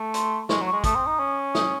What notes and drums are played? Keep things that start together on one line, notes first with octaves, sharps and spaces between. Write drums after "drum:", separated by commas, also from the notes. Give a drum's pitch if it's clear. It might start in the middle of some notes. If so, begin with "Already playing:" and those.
Already playing: A3
C6, drum: hi-hat
G#3 C#6, drum: snare
F#3
C#6
G#3
A3 D#6, drum: kick, hi-hat
C4
D#4
C#4
D#6, drum: snare